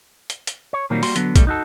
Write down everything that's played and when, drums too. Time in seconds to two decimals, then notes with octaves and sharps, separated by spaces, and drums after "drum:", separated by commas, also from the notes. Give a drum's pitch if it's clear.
0.30 drum: hi-hat
0.47 drum: hi-hat
0.73 C#5
0.90 A#2 D#3 F#3 G3 A#3 C4
1.03 G3 A#3 F#4 C6, drum: open hi-hat
1.16 D3 F#3 B3, drum: hi-hat
1.36 B2 G3 A3, drum: kick, hi-hat
1.47 D#4 F#4 A4